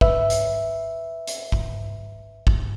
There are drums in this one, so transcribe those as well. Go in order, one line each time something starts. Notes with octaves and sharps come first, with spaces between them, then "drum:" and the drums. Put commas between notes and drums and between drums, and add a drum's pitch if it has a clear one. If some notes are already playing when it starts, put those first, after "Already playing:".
B4 E5, drum: kick
drum: hi-hat
drum: hi-hat
drum: kick
drum: kick